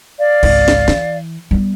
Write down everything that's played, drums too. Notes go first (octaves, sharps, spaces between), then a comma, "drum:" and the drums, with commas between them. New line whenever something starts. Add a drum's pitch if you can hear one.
D5 F5
G#1 C#2, drum: cymbal
drum: snare
E3, drum: snare
G3 B3